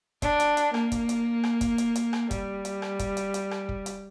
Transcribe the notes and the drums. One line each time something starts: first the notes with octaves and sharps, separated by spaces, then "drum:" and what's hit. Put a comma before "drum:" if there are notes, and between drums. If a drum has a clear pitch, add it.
D4, drum: kick, hi-hat
drum: hi-hat
drum: hi-hat
A#3, drum: rim click
drum: kick, hi-hat
drum: hi-hat
drum: rim click
drum: kick, hi-hat
drum: hi-hat
drum: hi-hat
drum: rim click
G3, drum: kick, hi-hat
drum: hi-hat
drum: rim click
drum: kick, hi-hat
drum: hi-hat
drum: hi-hat
drum: rim click
drum: kick
drum: hi-hat